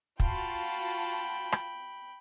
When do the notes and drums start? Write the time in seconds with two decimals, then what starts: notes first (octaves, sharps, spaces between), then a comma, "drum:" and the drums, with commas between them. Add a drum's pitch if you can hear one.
0.20 F4 F#4 G5 A5 B5, drum: kick
1.52 drum: rim click